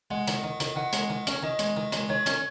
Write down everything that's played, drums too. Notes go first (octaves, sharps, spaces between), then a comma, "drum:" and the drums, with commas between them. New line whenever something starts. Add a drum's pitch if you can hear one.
G#3 F#5
D#3, drum: hi-hat
D#3
D#3, drum: hi-hat
D#3 F#5
G#3, drum: hi-hat
D#3
C#4, drum: hi-hat
D#3 D#5
G#3, drum: hi-hat
D#3
G#3, drum: hi-hat
D#3 C#5
C#4, drum: hi-hat